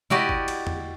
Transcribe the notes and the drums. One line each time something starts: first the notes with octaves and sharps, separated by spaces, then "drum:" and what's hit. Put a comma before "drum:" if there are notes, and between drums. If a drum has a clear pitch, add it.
E4 F#4 G4 D5 D#5, drum: tom C3
drum: kick
drum: cymbal
drum: tom E2